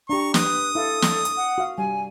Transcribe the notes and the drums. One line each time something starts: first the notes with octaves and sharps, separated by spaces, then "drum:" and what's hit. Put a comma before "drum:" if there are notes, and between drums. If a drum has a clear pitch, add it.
D4 G4 A#5 C#6
B4 D#6, drum: snare
E4 A4 F5
drum: snare
drum: hi-hat
F#5
F#4 F5
G3 G#5